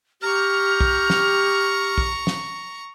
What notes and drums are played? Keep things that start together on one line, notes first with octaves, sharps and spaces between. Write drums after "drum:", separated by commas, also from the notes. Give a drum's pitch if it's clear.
G4 A#5 C#6 F6
drum: kick
drum: snare
drum: kick
drum: snare